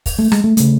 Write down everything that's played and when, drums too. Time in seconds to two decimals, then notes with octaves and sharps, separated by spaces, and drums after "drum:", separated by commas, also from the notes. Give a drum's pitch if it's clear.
0.06 drum: kick, open hi-hat
0.19 A3
0.32 G#3, drum: rim click
0.44 A3
0.57 C#3 A3, drum: hi-hat